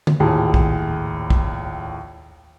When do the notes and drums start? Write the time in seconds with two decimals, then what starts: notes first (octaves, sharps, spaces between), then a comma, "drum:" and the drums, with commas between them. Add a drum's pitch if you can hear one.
0.07 drum: tom D3
0.20 A#1 D#2 A2 G#4 A5
0.54 drum: kick
1.30 drum: kick